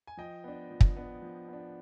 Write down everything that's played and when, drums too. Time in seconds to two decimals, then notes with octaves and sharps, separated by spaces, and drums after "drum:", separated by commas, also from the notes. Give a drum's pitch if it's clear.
0.07 G#5
0.17 F3 D#5 G5
0.44 B3 D4
0.71 F3
0.81 drum: kick
0.96 B3 D4
1.22 F3
1.48 B3 D4